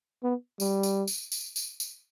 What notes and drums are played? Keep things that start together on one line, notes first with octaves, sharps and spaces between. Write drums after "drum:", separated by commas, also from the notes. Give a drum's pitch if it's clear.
B3
G3, drum: tambourine
drum: tambourine
drum: tambourine
drum: tambourine
drum: tambourine
drum: tambourine